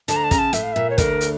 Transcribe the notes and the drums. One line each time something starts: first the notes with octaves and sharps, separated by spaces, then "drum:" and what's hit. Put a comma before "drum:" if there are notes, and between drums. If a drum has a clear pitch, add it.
D2 D3 A5, drum: hi-hat
A#5
A5
C#3 A#5, drum: kick, hi-hat
A5
A2 E5, drum: hi-hat
F5
A#2 E5
C#5
D2 D3 A#4, drum: kick, hi-hat
drum: hi-hat